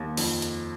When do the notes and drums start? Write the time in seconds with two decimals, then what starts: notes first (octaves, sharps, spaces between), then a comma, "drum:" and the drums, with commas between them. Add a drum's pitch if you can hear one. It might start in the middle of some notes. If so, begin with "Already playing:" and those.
Already playing: D#2
0.17 F2, drum: open hi-hat
0.42 drum: hi-hat